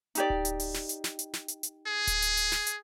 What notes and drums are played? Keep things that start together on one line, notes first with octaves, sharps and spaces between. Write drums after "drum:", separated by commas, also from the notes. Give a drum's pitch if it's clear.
D#4 G4 D5, drum: hi-hat
drum: kick D1
drum: hi-hat
drum: open hi-hat
drum: snare
drum: hi-hat
drum: snare
drum: hi-hat
drum: snare
drum: hi-hat
drum: hi-hat
G#4
drum: kick D1, hi-hat
drum: hi-hat
drum: open hi-hat
drum: snare
drum: hi-hat